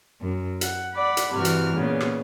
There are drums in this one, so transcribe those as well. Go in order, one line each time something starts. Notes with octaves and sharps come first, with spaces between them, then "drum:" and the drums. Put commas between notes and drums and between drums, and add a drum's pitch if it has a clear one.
F#2
F#5, drum: hi-hat
D5 F#5 B5
drum: hi-hat
G2 C3 E3 F#4 F6
drum: hi-hat
A#2 C#3 B3
drum: rim click